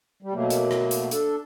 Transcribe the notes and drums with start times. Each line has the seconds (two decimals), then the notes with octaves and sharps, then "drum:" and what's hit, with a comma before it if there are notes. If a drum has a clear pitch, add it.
0.23 G3
0.34 B2 F#3 A3 A#3
0.50 drum: hi-hat
0.71 drum: rim click
0.91 drum: hi-hat
1.11 D4 A4, drum: hi-hat